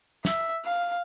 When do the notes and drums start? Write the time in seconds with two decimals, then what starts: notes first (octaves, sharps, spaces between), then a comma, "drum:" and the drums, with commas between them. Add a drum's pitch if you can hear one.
0.25 E5, drum: snare
0.65 F5